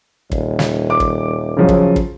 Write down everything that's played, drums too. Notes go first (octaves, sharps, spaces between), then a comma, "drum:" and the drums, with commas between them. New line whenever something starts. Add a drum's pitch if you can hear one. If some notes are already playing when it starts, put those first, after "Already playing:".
D#1, drum: kick
drum: snare
D6
drum: kick
C#3 F3 F#3
drum: kick
drum: kick